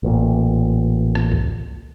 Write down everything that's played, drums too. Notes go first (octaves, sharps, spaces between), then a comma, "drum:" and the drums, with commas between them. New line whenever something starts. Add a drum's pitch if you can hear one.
A1 A#2
drum: rim click
drum: kick C2